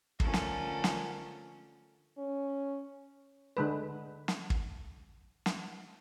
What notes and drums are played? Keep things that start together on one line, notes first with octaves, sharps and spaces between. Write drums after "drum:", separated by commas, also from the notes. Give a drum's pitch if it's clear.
D3 F3 A3 C#4 A4 A#4, drum: kick
drum: snare
drum: snare
C#4
D3 G#3 B4
drum: snare
drum: kick
drum: snare